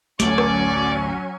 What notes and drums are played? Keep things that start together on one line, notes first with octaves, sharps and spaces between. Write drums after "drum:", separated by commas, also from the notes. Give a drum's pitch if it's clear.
A1 D2 F#3 A3 C#4 D5 G#5 C#6, drum: snare
drum: rim click